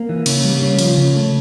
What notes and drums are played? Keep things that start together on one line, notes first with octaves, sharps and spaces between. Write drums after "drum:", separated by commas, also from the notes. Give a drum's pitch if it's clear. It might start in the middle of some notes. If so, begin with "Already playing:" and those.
Already playing: A#3
E3
C#3, drum: cymbal
G3
C#3
F3, drum: cymbal
C#3
A3